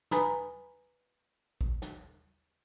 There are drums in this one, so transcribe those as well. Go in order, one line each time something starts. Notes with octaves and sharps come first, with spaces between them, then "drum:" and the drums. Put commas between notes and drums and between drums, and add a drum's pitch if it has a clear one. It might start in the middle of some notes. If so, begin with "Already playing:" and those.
B4 G#5 A#5 B5 D#6, drum: snare
drum: kick
drum: snare